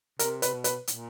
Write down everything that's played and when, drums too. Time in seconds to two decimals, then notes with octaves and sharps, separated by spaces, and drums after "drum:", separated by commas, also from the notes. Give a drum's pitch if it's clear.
0.19 C3 A#4, drum: hi-hat
0.42 C3 B4, drum: hi-hat
0.53 B2
0.64 B4, drum: hi-hat
0.87 A#2, drum: hi-hat